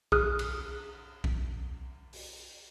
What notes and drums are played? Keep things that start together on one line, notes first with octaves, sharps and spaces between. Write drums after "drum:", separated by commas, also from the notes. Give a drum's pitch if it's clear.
G#4 D#6 F6 F#6, drum: kick B1
drum: cymbal
drum: kick B1
drum: open hi-hat